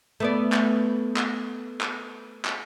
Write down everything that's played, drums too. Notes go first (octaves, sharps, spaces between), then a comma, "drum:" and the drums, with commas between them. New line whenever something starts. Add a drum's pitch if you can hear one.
A3 B3 D5
drum: clap
drum: clap
drum: clap
drum: clap